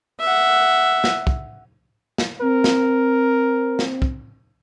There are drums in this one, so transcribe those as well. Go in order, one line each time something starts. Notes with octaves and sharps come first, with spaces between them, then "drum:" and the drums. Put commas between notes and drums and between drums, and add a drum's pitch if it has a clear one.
E5 F#5
drum: snare
drum: kick
drum: snare
C4 A#4
drum: snare
drum: snare
drum: kick